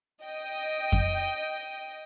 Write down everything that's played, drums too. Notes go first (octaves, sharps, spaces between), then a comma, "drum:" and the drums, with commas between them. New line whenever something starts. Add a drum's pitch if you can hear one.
D#5 G5
drum: kick F2